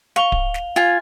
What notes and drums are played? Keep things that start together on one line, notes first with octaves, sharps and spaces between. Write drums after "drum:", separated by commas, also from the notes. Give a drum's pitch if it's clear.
F5 C#6 F7 G7
drum: kick D1
drum: snare
F4 G#5